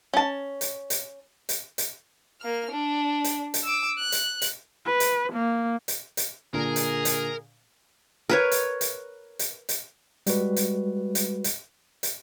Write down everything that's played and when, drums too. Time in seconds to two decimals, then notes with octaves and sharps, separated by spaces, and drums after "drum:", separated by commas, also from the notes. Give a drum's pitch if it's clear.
0.14 C#4 A5
0.61 drum: hi-hat
0.90 drum: hi-hat
1.49 drum: hi-hat
1.78 drum: hi-hat
2.41 A#3 F6
2.71 D4
3.24 drum: hi-hat
3.54 drum: hi-hat
3.63 D6 E6
3.99 F#6
4.12 drum: hi-hat
4.42 drum: hi-hat
4.85 B4
5.00 drum: hi-hat
5.33 A#3
5.88 drum: hi-hat
6.17 drum: hi-hat
6.54 A#2 D3 G#4 A#4
6.76 drum: hi-hat
7.05 drum: hi-hat
8.29 A#4 B4 C#5
8.51 drum: hi-hat
8.81 drum: hi-hat
9.39 drum: hi-hat
9.69 drum: hi-hat
10.27 G3 G#3 F#4 B4, drum: hi-hat
10.56 drum: hi-hat
11.15 drum: hi-hat
11.44 drum: hi-hat
12.03 drum: hi-hat